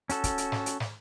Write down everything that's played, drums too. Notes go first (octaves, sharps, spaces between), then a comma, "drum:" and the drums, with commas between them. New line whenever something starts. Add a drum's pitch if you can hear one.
C#4 F#4 A4, drum: hi-hat
drum: kick, hi-hat
drum: hi-hat
drum: snare
drum: hi-hat
drum: snare